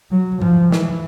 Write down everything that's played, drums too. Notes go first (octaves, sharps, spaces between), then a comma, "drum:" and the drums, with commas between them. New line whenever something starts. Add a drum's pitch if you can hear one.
F#3
F3, drum: tom G2
E3, drum: snare